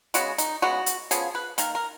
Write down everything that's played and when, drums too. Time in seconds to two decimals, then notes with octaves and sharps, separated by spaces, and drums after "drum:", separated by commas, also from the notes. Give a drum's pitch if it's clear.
0.14 C#3 G#3 B3 F#4, drum: hi-hat
0.38 D#4, drum: hi-hat
0.62 C#3 G#3 B3 F#4
0.86 drum: hi-hat
1.11 C#3 F3 B3 G#4, drum: hi-hat
1.35 B4
1.58 D#3 A#3 A#4, drum: hi-hat
1.75 A#4